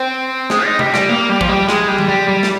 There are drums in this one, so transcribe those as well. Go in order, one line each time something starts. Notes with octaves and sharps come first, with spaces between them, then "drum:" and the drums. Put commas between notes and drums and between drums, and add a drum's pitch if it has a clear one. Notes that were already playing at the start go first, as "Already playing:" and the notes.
Already playing: C4
G#3, drum: snare
D#4
G3, drum: tom C3
G3, drum: snare
A#3
G3
F3, drum: kick
G3
G#3, drum: snare
G3
drum: tom D#3
G3
G3
drum: snare